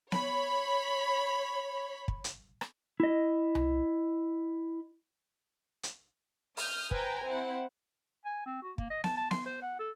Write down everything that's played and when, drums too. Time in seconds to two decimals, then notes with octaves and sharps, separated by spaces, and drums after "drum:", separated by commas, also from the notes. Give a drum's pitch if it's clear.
0.12 C#5 B5, drum: snare B3
2.08 drum: kick
2.24 drum: hi-hat
2.61 drum: rim click
3.00 E4 D#5
3.55 drum: tom C2
5.83 drum: hi-hat
6.57 D#6 F6 G6, drum: open hi-hat
6.91 B4 C5 G5 G#5 A#5, drum: kick
7.25 C4 E4 F#5
8.26 G#5
8.46 C4
8.62 F#4
8.78 A#3, drum: kick
8.90 D#5
9.04 A5, drum: snare B3
9.17 A5
9.31 C6, drum: snare B3
9.46 C5
9.62 F#5
9.79 A4